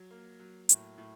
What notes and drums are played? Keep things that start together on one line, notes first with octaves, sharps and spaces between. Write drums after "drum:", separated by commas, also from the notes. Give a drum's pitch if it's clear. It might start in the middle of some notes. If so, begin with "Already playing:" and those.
Already playing: F#3
A#3
F#3
A2, drum: hi-hat
A2